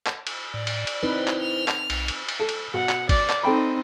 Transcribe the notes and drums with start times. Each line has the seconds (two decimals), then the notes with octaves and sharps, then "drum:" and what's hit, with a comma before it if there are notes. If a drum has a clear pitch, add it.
0.06 drum: clap
0.27 drum: cymbal
0.54 A2 D5
0.67 drum: cymbal
0.87 drum: cymbal
1.03 C4 D#4 E4 B4 C5
1.28 drum: clap
1.42 F6
1.68 drum: clap
1.90 B1, drum: cymbal
2.08 drum: cymbal
2.29 drum: cymbal
2.40 A4
2.49 drum: cymbal
2.74 B2 F#5
2.89 drum: clap
3.09 D5, drum: kick G#1, cymbal
3.29 drum: clap
3.43 C4 D#4 A4 G5 B5